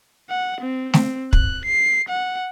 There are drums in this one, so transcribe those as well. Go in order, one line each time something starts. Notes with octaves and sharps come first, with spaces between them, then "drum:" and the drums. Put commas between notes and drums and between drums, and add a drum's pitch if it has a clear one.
F#5
C4
C4, drum: snare A3
F#6, drum: kick
C7
F#5